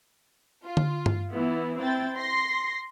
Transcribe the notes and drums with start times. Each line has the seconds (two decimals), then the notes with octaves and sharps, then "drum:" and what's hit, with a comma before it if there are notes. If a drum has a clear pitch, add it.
0.65 F4
0.77 drum: tom D3
1.06 drum: tom G2
1.32 E3 B3 E4
1.80 C4 E4 G5 A6
2.16 C6 A#6 C7